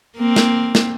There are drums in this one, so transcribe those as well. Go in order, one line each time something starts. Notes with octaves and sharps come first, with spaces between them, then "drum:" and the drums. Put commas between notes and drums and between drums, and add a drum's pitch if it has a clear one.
A#3 C4
drum: snare
drum: snare